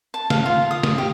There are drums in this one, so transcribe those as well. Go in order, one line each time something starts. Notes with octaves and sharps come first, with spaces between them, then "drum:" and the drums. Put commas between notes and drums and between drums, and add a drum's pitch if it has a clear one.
A5
F5, drum: snare
F4
D#6
drum: snare
G4